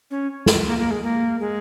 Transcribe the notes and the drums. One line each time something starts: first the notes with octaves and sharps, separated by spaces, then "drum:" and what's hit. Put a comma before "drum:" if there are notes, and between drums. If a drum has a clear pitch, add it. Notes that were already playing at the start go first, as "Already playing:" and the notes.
C#4
drum: snare
A#3
A#3
G#3
A#3
G#3